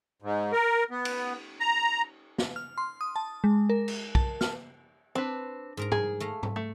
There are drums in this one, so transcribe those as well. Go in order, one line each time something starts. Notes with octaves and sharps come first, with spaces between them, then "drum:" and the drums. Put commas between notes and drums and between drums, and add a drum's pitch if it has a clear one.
G#2
A#4
B3
drum: cymbal
A#5
drum: snare
F6
C6
D#6
A5
G#3
A#4
drum: cymbal
A5, drum: kick
F6, drum: snare
C4 D4 B4
G#2 A#4 A#5
G#4, drum: tom G#2
A3 F5 A#5
drum: tom G#2
A3